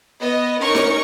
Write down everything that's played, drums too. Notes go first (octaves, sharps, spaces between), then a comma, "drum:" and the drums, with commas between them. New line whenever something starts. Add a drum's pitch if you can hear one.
B3 D#5
C#4 D#4 A#4 C#6
drum: snare D#4